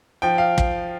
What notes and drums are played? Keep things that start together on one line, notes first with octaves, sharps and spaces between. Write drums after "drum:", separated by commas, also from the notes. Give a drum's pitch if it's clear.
F3 G5
F5
drum: kick